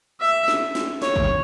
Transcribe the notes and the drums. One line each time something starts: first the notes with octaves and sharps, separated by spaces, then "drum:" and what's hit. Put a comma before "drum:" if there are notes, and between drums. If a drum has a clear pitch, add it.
E5
drum: snare
drum: snare
C#5, drum: snare
drum: kick